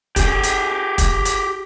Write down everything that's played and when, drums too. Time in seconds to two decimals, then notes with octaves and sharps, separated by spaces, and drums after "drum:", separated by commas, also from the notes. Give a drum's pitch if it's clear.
0.16 G4 G#4, drum: kick, hi-hat
0.44 drum: hi-hat
0.98 drum: kick, hi-hat
1.25 drum: hi-hat